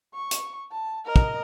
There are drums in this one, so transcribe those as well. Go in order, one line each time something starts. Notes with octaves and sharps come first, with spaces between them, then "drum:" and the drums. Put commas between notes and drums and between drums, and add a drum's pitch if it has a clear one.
C#6
drum: hi-hat
A5
A#4 D#5
drum: kick